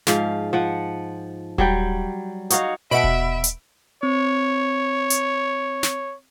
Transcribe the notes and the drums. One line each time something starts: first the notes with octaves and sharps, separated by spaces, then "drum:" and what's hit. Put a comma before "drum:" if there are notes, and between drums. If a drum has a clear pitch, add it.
G#2 F3 F5, drum: snare
F3 F#5
F#3 G3 G5, drum: kick D#1
D#4 F#4 C#5 F5, drum: hi-hat
B2 D#5 E5 F#5 B5 D7
drum: kick D#1
drum: hi-hat
C4 C#5
drum: hi-hat
drum: snare